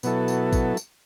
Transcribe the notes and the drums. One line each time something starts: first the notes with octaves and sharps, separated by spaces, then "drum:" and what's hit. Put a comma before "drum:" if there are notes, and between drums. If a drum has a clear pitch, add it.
B2 F#3 B3 E4 A4, drum: tambourine
drum: tambourine
drum: kick A1, tambourine
drum: tambourine